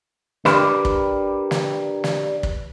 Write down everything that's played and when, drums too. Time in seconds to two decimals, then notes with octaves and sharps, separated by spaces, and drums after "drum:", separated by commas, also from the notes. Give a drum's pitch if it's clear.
0.45 D4 G4 A#4 B4 D5, drum: snare
0.85 drum: kick
1.51 drum: snare
2.04 drum: snare
2.43 drum: kick